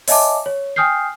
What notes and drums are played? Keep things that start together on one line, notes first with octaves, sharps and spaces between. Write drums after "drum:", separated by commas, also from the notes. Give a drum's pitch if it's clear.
C#5 D#5 E5 G#5 A5 D6, drum: open hi-hat
C#5
G5 G#5 D#6 F6 G6 C7